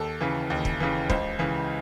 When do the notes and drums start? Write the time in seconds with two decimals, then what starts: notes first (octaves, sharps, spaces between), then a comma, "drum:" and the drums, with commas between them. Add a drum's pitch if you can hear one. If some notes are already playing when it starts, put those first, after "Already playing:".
Already playing: D#2 A4
0.21 C#3 E3
0.50 D#2
0.65 drum: kick
0.80 C#3 E3
1.10 C#2 C5, drum: kick
1.39 C#3 E3